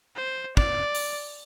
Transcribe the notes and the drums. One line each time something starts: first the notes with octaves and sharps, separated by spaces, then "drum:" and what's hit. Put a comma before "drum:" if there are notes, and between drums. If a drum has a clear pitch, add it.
C5
D5, drum: kick
drum: open hi-hat